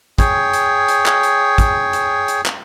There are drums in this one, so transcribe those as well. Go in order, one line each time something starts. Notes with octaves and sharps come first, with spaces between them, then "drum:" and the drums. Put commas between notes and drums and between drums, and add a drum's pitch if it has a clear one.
G#4 C#5 G5, drum: kick, hi-hat
drum: hi-hat
drum: hi-hat
drum: clap
drum: hi-hat
drum: kick, hi-hat
drum: hi-hat
drum: hi-hat
drum: clap